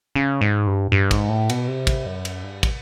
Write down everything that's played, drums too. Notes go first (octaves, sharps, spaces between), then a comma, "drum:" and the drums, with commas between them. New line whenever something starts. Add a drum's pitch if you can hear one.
C#3
G#2
G2
G2
G#2, drum: kick, cymbal
A2
B2, drum: cymbal
C3
drum: kick, cymbal
F#2
drum: cymbal
G2
drum: kick, cymbal